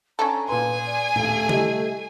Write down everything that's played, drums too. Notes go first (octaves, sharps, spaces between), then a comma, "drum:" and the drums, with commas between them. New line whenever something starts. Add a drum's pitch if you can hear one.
C#4 D4 A4 A#5
A#2 G#4 B4 G#5 C6
D5
D#1 A3, drum: tom A2
G3 E4 D#5, drum: tom C3